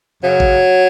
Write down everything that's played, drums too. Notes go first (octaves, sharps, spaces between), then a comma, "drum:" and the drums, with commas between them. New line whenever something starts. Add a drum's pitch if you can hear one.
F#2 C#3 F#3
drum: kick A1